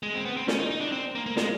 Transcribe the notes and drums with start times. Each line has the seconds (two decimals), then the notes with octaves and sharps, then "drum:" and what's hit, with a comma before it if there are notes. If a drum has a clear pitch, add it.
0.03 G#3
0.14 C4
0.25 B3
0.37 C4
0.48 C#4, drum: snare
0.59 D#4
0.70 D#4
0.81 D4
0.92 C4
1.15 A#3
1.26 A#3
1.37 G#3, drum: snare